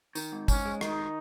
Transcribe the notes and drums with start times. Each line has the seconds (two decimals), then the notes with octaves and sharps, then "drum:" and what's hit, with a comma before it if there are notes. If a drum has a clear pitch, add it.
0.15 D#3, drum: tambourine
0.32 G#2
0.48 G#2 C#4, drum: kick, tambourine
0.65 G#3
0.81 D#3 D#4, drum: rim click